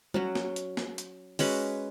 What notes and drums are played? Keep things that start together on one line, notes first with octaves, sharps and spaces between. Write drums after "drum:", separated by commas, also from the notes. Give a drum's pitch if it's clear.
F#3 C#4 F#4, drum: tom
drum: snare
drum: hi-hat
drum: snare
drum: hi-hat
G#3 C#4 F#4 B4, drum: open hi-hat